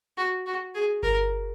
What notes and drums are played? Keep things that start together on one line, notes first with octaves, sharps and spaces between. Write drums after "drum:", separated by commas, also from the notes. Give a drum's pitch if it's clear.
F#4
F#4
G#4
A#4, drum: kick G1